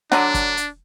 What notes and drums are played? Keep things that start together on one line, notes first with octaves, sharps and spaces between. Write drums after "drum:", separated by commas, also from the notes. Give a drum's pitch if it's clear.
D3 F#3 D4 F#5, drum: snare
drum: kick, hi-hat
drum: hi-hat